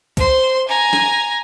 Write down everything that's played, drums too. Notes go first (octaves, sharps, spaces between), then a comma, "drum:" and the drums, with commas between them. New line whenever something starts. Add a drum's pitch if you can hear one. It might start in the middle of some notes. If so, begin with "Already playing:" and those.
C5 C6, drum: kick, hi-hat
G#5 A#5
drum: snare